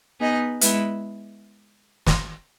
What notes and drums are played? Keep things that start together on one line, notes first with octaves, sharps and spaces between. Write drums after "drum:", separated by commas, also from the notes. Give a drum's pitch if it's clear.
B3 D#4 G#4 D#5
G#3 B3 E4, drum: hi-hat
drum: snare